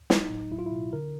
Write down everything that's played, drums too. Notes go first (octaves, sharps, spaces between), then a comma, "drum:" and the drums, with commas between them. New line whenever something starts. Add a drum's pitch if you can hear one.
F#3 D#4, drum: snare
A2
F#3 E4
F4
E4
B2
D3 A#4